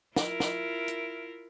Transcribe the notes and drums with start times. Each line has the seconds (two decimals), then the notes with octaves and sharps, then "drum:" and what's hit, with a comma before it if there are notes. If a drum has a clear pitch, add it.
0.16 E4 F4 A#4, drum: snare
0.40 drum: snare
0.88 drum: hi-hat